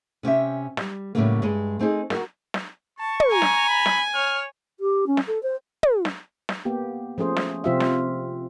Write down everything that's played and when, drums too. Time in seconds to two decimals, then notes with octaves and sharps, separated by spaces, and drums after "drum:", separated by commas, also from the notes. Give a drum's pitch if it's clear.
0.23 C3 C#4 G4 E5
0.77 G3, drum: snare
1.15 A2 C#3 F#3 G3 A3 A#3
1.42 G2 G#3
1.79 A3 C4 D#4 G#4
2.10 F#4 G4 A#4, drum: snare
2.54 drum: snare
2.99 A5 C#6
3.20 drum: tom
3.31 G#5 A#5
3.42 drum: snare
3.69 B5
3.86 drum: snare
4.14 C#5 F6
4.79 G4
5.06 C#4
5.17 drum: snare
5.27 A4
5.42 C5
5.83 drum: tom
6.05 drum: snare
6.49 drum: snare
6.65 A#3 B3 G4
7.18 F3 A3 C#4 G#4 C5
7.37 drum: snare
7.64 C3 F3 C4 F4 G4 E5
7.80 drum: snare